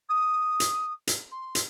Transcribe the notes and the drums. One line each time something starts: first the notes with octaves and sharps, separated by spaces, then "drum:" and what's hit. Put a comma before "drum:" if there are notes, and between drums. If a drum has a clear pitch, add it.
D#6
drum: hi-hat
drum: hi-hat
C6
drum: hi-hat